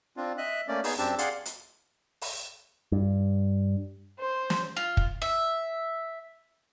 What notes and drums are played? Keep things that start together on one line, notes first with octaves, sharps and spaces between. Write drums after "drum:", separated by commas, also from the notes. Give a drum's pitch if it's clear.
C4 D4 F4
D#5 E5 F#6
A3 A#3 C#4 D5
B3 D#4 G#4, drum: open hi-hat
F#2 C4 D4 G4 A5 E6
G#4 D5 F5 F#5 C6, drum: hi-hat
drum: hi-hat
drum: open hi-hat
G2
C5
drum: snare
F4
drum: kick
E5